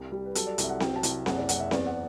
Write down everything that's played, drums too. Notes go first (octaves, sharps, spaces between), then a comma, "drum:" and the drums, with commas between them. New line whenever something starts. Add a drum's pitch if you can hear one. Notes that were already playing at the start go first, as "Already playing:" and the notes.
Already playing: C2 G3 G4
G3
B4
F#3 A4, drum: hi-hat
D5
C2, drum: hi-hat
E5
F#5
F#3 G5, drum: snare C4
A5
C2, drum: hi-hat
F#1 F#5, drum: snare C4
D5
F#1 F#5, drum: hi-hat
E5
E2 D5, drum: snare C4
F#5